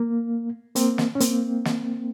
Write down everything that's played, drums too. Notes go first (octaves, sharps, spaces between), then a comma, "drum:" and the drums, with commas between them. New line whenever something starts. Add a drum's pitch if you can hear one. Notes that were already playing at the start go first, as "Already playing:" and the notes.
Already playing: A#3
A#3 C4, drum: hi-hat
drum: snare
C#4
A#3 C4, drum: hi-hat
drum: snare